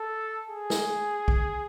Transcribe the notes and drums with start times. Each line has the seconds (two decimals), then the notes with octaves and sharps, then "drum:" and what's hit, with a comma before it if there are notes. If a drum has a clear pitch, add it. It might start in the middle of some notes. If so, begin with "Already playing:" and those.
Already playing: A4
0.50 G#4
0.70 drum: snare
1.28 drum: kick